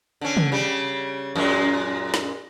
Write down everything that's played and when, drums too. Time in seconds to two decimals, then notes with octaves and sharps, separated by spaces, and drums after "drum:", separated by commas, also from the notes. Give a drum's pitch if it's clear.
0.21 D3 C#4
0.37 drum: tom
0.52 C#3 G3
1.36 F#2 A#2 G#3
2.14 drum: snare